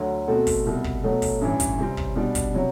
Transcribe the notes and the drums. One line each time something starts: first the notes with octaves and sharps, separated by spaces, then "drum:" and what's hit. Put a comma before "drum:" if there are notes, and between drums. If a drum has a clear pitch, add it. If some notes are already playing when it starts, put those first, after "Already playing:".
Already playing: D2 D3 F#3
B2 A3 C4 F#4 A4
drum: kick, open hi-hat
C2 B2 G3
drum: kick
B2 F#3 A3
drum: kick, open hi-hat
A1 G2 E3
drum: kick, hi-hat
C3 G3 C4
drum: kick
B2 G3 D4
drum: kick, hi-hat
C3 F#3